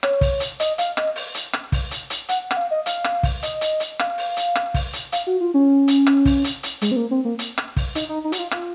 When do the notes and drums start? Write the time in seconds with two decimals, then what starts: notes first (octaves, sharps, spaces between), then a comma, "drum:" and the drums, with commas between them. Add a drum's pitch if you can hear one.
0.03 C#5, drum: rim click
0.21 drum: kick, open hi-hat
0.40 drum: hi-hat
0.60 D#5, drum: hi-hat
0.78 F5, drum: hi-hat
0.97 D#5, drum: rim click
1.16 drum: open hi-hat
1.35 drum: hi-hat
1.53 drum: rim click
1.72 drum: kick, open hi-hat
1.91 drum: hi-hat
2.10 drum: hi-hat
2.29 F#5, drum: hi-hat
2.51 F#5, drum: rim click
2.57 F5
2.71 D#5
2.86 F5, drum: hi-hat
3.04 drum: rim click
3.23 drum: kick, open hi-hat
3.43 D#5, drum: hi-hat
3.61 drum: hi-hat
3.80 drum: hi-hat
3.99 F5, drum: rim click
4.18 drum: open hi-hat
4.37 drum: hi-hat
4.56 drum: rim click
4.74 drum: kick, open hi-hat
4.93 drum: hi-hat
5.12 F5, drum: hi-hat
5.27 F#4
5.41 F4
5.54 C#4
5.88 drum: hi-hat
6.07 drum: rim click
6.25 drum: kick, open hi-hat
6.44 drum: hi-hat
6.63 drum: hi-hat
6.81 G#3, drum: hi-hat
6.91 C4
6.96 A#3
7.11 C4
7.25 A#3
7.39 drum: hi-hat
7.58 drum: rim click
7.77 drum: kick, open hi-hat
7.95 D#4, drum: hi-hat
8.09 D#4
8.24 D#4
8.32 F#4, drum: hi-hat
8.38 F4
8.51 F4, drum: rim click